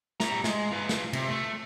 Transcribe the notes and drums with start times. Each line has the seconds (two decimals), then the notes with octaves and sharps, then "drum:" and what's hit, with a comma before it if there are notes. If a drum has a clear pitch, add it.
0.20 G3 A#5, drum: snare
0.44 G#3, drum: snare
0.71 F4 B4
0.89 drum: snare
1.13 C3, drum: cymbal
1.29 A3